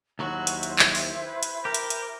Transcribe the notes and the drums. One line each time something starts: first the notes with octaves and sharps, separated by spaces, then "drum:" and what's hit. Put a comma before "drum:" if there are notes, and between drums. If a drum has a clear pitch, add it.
D#2 F#3 E4 F#4 C5
drum: hi-hat
drum: hi-hat
drum: clap
G4, drum: open hi-hat
B4
drum: hi-hat
G4 A#4
drum: hi-hat
drum: hi-hat